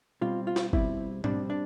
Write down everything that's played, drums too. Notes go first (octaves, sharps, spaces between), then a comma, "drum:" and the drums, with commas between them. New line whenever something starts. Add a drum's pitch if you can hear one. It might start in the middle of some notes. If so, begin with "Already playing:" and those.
B2 G3 C4 F4
F4
drum: snare
B2 G3 C4 E4, drum: kick
B2 G3 C4 D4, drum: tom G#2
D4